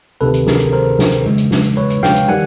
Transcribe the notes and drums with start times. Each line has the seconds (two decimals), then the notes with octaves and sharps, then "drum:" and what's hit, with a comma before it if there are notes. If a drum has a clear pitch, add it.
0.21 D2 C3 D#3 A4 B4
0.34 drum: hi-hat
0.47 G#4 A#4, drum: snare
0.60 drum: hi-hat
0.72 A#4 C5
0.99 drum: snare
1.12 drum: hi-hat
1.25 E2 C#3 E3 G#3
1.38 drum: hi-hat
1.51 drum: snare
1.64 drum: hi-hat
1.77 B4 C#5
1.90 drum: hi-hat
2.03 F5 G5, drum: snare
2.16 drum: hi-hat
2.28 D#3 G3 F#5 G#5